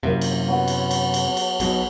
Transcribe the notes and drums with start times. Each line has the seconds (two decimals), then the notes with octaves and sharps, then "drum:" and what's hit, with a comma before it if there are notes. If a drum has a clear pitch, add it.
0.03 F#2 C3 A#3 E4 A#4
0.21 drum: cymbal
0.48 F#3 B3
0.68 drum: cymbal
0.91 drum: cymbal
1.14 drum: cymbal
1.37 drum: cymbal
1.60 B1 B2, drum: cymbal